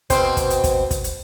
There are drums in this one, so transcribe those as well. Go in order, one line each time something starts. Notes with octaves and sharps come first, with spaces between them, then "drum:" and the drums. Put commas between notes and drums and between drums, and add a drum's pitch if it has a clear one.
B2 C4 C5, drum: kick, hi-hat
drum: kick, hi-hat
drum: hi-hat
drum: kick, hi-hat
drum: kick, hi-hat
drum: hi-hat